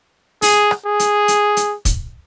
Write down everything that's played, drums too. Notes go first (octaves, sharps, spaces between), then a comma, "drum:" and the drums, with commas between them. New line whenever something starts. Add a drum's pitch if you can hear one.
G#4, drum: open hi-hat
drum: rim click
G#4
drum: hi-hat
drum: hi-hat
drum: hi-hat
drum: kick, hi-hat